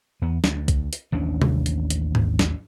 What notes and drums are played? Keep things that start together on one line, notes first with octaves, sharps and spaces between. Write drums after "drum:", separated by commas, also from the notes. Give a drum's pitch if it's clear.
E2 B3
D2, drum: snare
drum: kick B1, hi-hat
drum: hi-hat
A1 D#2 C#4 D4
drum: tom C3
drum: hi-hat
drum: hi-hat
drum: tom G#2
drum: snare